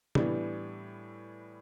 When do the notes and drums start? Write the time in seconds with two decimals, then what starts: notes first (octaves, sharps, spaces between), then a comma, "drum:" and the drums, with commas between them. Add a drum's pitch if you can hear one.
0.15 A2 E3 G3 B3 D4, drum: tom